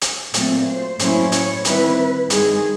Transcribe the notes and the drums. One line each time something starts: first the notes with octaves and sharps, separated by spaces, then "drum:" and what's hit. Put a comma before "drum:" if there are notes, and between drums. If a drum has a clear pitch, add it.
drum: hi-hat
A#2 F#3 A3 C4, drum: hi-hat
C5
A2 F#3 A#3 C#4 E4, drum: hi-hat
C#5, drum: hi-hat
D#3 G3 C4 E4 B4, drum: hi-hat
G2 D#3 G#3 G#4, drum: hi-hat